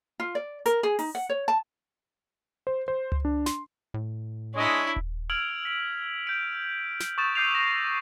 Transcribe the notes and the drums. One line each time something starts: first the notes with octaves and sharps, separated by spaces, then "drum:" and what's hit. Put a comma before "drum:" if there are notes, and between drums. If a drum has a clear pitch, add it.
F4
D5
A#4, drum: hi-hat
G#4
D#4, drum: open hi-hat
F#5
C#5
A5
C5
C5
drum: tom C#2
D4
C6, drum: snare
A2
G#3 D4 E4 C#5 D#5 D#6
drum: kick D#1
E6 F6 G#6 D7 F7 F#7
B6 D7
G6 D7
drum: snare
C#6 D#6 G6 A6 E7
D6 E6 G6 C7 D#7 F7
G6 A#6 E7